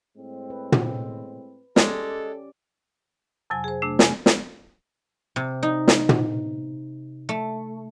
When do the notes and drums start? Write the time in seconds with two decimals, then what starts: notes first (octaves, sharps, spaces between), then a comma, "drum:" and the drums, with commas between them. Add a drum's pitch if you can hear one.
0.15 A2 G#3 C4
0.50 B4
0.72 drum: tom
1.76 G#3 C#4 G4 A4 D5, drum: snare
3.50 F2 C3 F#3 G#5
3.64 G#4 C5
3.82 C3 A3 D4
3.99 G#5, drum: snare
4.26 drum: snare
5.36 C3
5.63 D#4
5.88 drum: snare
6.09 drum: tom
7.29 A3